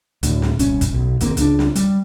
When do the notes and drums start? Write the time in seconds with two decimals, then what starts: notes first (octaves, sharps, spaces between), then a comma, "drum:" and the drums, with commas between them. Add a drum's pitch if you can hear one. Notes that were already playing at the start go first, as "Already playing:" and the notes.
0.23 D2 A2, drum: hi-hat
0.42 drum: snare
0.59 D#1 C2 C#4, drum: hi-hat
0.81 drum: kick, hi-hat
0.93 B1
1.20 G#1 D#2 A#3 C4, drum: hi-hat
1.37 C#2 A#3 D4, drum: hi-hat
1.59 drum: snare
1.75 G3, drum: hi-hat